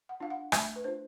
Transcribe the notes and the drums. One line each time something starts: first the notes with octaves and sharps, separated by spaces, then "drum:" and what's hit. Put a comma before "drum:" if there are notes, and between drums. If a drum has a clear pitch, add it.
F#5
D4 F4 F5
F#5
A3 E5, drum: rim click
B4
D4 F4 C5